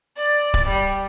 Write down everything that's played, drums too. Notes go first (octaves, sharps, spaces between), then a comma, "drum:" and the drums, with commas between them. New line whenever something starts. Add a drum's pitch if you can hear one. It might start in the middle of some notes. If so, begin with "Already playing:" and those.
D5
drum: kick D1
G3